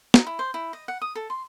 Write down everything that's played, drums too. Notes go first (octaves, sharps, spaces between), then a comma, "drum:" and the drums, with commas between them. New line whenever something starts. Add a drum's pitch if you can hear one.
D#4, drum: snare
E4
C5
E4
D#5
F#5
D#6
A4
C6